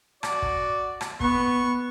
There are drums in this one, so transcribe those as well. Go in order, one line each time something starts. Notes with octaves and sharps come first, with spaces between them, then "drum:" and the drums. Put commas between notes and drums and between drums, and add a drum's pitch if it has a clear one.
F#4 D5, drum: rim click
drum: kick
drum: rim click
B3 C#6, drum: kick